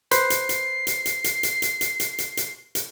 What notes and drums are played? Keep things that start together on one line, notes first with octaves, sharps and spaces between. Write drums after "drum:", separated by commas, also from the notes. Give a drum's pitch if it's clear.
B4 C5 C7, drum: hi-hat
drum: hi-hat
drum: hi-hat
drum: hi-hat
drum: hi-hat
drum: hi-hat
drum: hi-hat
drum: hi-hat
drum: hi-hat
drum: hi-hat
drum: hi-hat
drum: hi-hat
drum: hi-hat